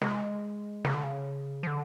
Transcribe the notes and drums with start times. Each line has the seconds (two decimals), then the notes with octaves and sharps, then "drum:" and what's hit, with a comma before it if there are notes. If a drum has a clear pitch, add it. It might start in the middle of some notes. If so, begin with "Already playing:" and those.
0.02 G#3, drum: snare
0.85 C#3, drum: snare
0.94 D3
1.03 C#3
1.63 F3
1.67 D3